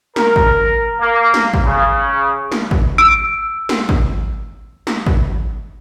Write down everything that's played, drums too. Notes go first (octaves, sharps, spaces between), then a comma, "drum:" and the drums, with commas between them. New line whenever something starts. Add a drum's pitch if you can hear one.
A#4, drum: snare
drum: kick
A#3
drum: snare
drum: kick
C#3
drum: snare
drum: kick
E6 D7
drum: snare
drum: kick
drum: snare
drum: kick